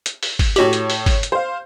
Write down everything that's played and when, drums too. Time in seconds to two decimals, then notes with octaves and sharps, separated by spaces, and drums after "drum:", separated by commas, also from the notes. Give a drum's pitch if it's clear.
0.06 drum: hi-hat
0.23 drum: open hi-hat
0.39 drum: kick, open hi-hat
0.56 A2 F#4 G4 C#5 F#7, drum: hi-hat
0.73 drum: hi-hat
0.90 drum: open hi-hat
1.06 drum: kick, open hi-hat
1.23 drum: hi-hat
1.32 C5 F5